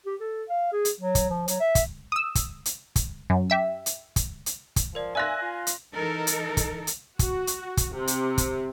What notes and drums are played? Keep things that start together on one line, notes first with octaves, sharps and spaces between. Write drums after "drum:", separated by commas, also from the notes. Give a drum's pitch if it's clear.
G4
A4
F5
G#4
drum: hi-hat
F#3
drum: kick, hi-hat
F3
F#3, drum: hi-hat
E5
drum: kick, hi-hat
D#6 E6
drum: kick, hi-hat
drum: hi-hat
drum: kick, hi-hat
F#2
G4 E5 E6
drum: hi-hat
drum: kick, hi-hat
drum: hi-hat
drum: kick, hi-hat
F3 A#4 D5
D5 E5 F5 G#5 C6 F#6 A#6
F4
drum: hi-hat
E3 D#4 A4 A#4
drum: hi-hat
drum: kick, hi-hat
drum: hi-hat
F#4, drum: kick, hi-hat
drum: hi-hat
drum: kick, hi-hat
C3
drum: hi-hat
drum: kick, hi-hat